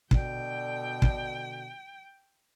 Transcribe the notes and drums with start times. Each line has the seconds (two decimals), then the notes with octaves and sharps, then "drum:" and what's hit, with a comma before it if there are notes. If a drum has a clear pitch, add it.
0.11 B2 D3 G5, drum: kick
1.02 drum: kick